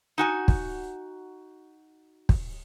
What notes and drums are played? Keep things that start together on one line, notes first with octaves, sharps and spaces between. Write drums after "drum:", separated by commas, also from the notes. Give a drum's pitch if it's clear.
D#4 F#4 G#5
drum: kick
drum: kick